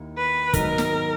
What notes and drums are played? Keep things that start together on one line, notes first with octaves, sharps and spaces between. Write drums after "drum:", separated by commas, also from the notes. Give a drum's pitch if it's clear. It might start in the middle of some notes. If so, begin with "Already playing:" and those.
Already playing: D#2 D#3 A#3 E4
B4
G#2 D#3 F#3 B3 D#4 A#4, drum: kick, hi-hat
drum: snare